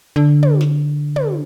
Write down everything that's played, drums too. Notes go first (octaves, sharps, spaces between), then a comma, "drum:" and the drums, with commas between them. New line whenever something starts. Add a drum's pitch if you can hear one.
D3
drum: tom
drum: snare
drum: tom